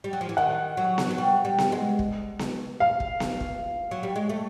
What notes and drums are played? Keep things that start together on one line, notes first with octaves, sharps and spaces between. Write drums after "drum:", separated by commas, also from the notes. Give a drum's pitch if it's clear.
G3
F#3
F3
E3
D#3 F#5
F#3
drum: snare B3
F#3
G3
G3
drum: snare B3
G#3
drum: kick
drum: snare B3
F5
drum: kick
drum: snare B3
drum: kick
F#3
G3
G#3
A3